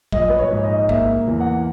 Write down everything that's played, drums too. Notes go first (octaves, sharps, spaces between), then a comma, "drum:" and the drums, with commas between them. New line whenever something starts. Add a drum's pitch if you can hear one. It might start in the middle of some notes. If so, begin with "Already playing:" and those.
A#1 D#5, drum: kick A1
B4
C#5
G#2
D#5
A#3 E5, drum: kick A1
E2
F#5